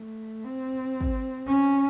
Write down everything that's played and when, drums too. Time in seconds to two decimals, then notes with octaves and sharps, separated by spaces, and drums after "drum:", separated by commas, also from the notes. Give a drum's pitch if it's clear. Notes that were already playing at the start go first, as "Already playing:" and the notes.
Already playing: A3
0.44 C4
1.01 drum: kick
1.47 C#4